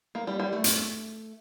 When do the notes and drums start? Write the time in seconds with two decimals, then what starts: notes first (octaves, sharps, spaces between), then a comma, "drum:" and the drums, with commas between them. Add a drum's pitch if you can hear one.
0.15 A#3
0.27 G3
0.40 G3
0.53 A3
0.64 drum: hi-hat